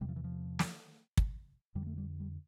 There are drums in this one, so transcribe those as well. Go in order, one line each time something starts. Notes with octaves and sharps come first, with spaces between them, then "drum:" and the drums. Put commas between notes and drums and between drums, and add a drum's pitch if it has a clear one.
E2 C3 G3
F3
E3
F3
drum: snare
drum: kick
F2 D3 G3
A3
G3
G3